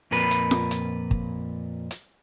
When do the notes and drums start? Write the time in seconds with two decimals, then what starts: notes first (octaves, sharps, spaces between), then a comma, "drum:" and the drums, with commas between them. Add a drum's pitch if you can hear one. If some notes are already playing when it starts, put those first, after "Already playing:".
0.11 F2 A#2 A#4 B4 B5
0.31 drum: hi-hat
0.51 drum: snare F4
0.71 drum: hi-hat
1.11 drum: kick
1.91 drum: hi-hat